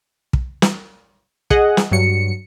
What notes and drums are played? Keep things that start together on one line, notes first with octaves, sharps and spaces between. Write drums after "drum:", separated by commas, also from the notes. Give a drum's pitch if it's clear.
drum: kick
drum: snare
G#4 D#5 F#5, drum: kick
drum: snare
G2 F#3 C#7